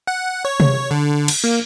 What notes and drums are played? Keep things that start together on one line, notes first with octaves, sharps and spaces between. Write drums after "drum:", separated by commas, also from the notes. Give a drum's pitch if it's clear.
F#5
C#5
drum: tom C3
D3
drum: cymbal
A#3